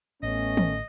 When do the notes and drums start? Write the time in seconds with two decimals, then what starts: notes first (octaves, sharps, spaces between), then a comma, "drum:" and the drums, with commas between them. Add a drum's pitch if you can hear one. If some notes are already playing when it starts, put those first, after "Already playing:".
0.23 A1 A3 B3 C#4 D#5
0.57 drum: tom